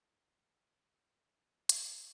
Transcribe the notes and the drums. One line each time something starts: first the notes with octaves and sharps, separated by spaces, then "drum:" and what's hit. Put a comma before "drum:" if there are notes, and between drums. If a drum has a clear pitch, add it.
F3 A3 D#4 A4 A#4 G#5 C#6
drum: hi-hat